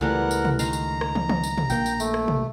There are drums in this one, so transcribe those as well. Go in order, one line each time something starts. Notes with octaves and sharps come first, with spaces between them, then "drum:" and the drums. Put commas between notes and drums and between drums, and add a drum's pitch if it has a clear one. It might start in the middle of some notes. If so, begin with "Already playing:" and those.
C#2 E3 G3 A3 B3 A#4 F#5
drum: tambourine
drum: tom
D#3 F5 A#5 C6, drum: tambourine
drum: tambourine
drum: rim click
drum: tom
drum: tom D#3
drum: tambourine
drum: tom
A#1 A#3 G5, drum: tambourine
drum: tambourine
A3, drum: tambourine
drum: rim click
drum: tom